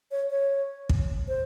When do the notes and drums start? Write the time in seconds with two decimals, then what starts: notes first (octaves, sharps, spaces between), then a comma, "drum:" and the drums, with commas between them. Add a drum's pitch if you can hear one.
0.11 C#5
0.31 C#5
0.89 drum: kick
1.28 C5